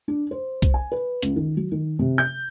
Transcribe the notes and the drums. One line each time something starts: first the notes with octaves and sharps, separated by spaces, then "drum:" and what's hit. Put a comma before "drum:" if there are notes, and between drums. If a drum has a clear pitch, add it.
D4
C5
drum: kick B1, hi-hat
G#5
B4
C#2, drum: hi-hat
D#3
F#3
D#3
C3
G6